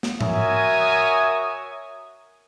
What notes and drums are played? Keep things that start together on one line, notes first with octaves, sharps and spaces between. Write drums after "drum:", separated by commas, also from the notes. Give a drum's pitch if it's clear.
drum: snare
F#4 A#4 C#5 E5 G#5 D#6, drum: tom G#2